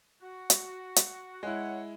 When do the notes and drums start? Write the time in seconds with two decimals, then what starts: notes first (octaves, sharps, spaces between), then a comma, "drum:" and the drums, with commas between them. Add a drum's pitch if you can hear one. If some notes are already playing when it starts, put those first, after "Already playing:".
0.22 F#4
0.50 drum: hi-hat
0.96 drum: hi-hat
1.43 G#3 E4 C#5 F#5